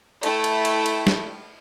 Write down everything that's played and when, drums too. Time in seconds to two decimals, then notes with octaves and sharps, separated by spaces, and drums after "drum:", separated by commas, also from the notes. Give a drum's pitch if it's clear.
0.23 A3 E4 G5, drum: cymbal
0.44 drum: cymbal
0.65 drum: cymbal
0.86 drum: cymbal
1.07 drum: snare